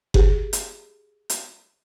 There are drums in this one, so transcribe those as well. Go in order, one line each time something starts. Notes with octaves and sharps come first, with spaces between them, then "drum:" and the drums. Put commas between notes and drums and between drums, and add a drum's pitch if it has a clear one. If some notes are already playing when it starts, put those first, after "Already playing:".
G4 G#4, drum: kick F#1
drum: hi-hat
drum: hi-hat